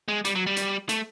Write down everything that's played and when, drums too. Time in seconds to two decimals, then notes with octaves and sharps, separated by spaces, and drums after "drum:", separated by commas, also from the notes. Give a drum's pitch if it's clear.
0.08 G#3
0.25 G3, drum: hi-hat
0.35 F#3
0.46 G3
0.56 drum: hi-hat
0.89 A3, drum: hi-hat